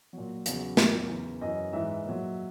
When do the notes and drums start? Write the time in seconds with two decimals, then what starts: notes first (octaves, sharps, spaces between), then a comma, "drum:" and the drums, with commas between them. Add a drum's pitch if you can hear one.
0.13 A#2 F#3
0.46 E2 C#3 F#3, drum: hi-hat
0.77 E2 B2 F#3 A#4, drum: snare
1.09 E2 C#3 E3
1.41 F#2 E3 D#5
1.73 G#2 E3 E5
2.05 A#2 F#3